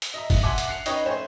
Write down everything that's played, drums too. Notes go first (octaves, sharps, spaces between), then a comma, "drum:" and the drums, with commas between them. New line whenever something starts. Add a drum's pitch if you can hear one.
drum: hi-hat
D#5 E5 A#5
drum: kick, open hi-hat
E5 F#5 G#5 A5 C6 D6
drum: hi-hat
F#6 C7 C#7 F7
C#4 D#4 B4 C#5 D#5 G5, drum: hi-hat
A3 C5 G#5